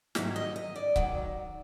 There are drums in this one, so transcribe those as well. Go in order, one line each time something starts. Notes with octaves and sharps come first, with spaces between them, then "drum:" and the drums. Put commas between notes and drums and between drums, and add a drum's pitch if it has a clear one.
G#2 D#3 F#3 E5, drum: snare
D#5
D#5
D5
G#2 D#3 F#3, drum: kick C#1